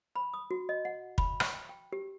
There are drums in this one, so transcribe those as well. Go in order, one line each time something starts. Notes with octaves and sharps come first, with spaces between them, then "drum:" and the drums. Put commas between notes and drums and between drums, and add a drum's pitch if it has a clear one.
B5
D#6
F#4
D#5
F#5
B5, drum: kick
C#6, drum: rim click
G5
G5
G4